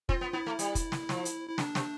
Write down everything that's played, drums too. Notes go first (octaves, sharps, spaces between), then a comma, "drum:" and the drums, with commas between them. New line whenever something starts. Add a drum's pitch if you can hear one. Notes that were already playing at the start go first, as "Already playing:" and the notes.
C4 F4, drum: kick
B3
B3 E4
A3
G3, drum: hi-hat
drum: kick, hi-hat
drum: snare
F3, drum: snare
drum: hi-hat
E4
C3 D4, drum: snare
B2, drum: snare